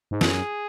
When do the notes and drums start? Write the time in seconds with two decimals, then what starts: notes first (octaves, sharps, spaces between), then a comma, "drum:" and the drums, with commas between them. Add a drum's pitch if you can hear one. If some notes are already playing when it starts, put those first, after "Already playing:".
0.11 G#2
0.21 F#2 G#4, drum: snare